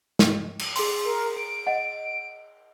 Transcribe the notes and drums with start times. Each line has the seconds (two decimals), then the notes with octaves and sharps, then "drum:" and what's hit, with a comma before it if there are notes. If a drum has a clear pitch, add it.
0.19 drum: snare
0.59 drum: cymbal
0.76 G#4 C6, drum: open hi-hat
1.05 A#4
1.37 D7
1.67 D#5 F#5